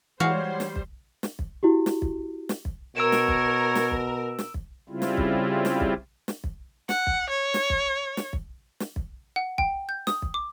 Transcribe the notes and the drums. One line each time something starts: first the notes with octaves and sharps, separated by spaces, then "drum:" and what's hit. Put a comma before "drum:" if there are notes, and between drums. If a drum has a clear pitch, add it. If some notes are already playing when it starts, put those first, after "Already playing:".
E3 G3 G#3 F#4 C5 C#5 F5 F#5
drum: snare
drum: kick
drum: snare
drum: kick
E4 F#4 G4
drum: snare
drum: kick
drum: snare
drum: kick
B2 A#4 C#5 E6 D7 E7
drum: snare
drum: kick
drum: snare
drum: kick
drum: snare
drum: kick
C#3 G3 C4 E4 F4
drum: snare
drum: kick
drum: snare
drum: kick
drum: snare
drum: kick
F#5, drum: snare
drum: kick
C#5
drum: snare
drum: kick
drum: snare
drum: kick
drum: snare
drum: kick
F#5
G5, drum: kick
G6
D#6, drum: snare
drum: kick
D6